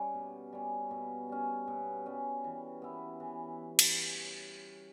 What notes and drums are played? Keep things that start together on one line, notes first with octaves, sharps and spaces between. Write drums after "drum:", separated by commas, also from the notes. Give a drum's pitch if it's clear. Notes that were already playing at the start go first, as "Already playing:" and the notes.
Already playing: G3 C#4
B2
G3 C#4
B2
G3 C#4
B2
G3 C#4
E3
B3 E4
E3
drum: cymbal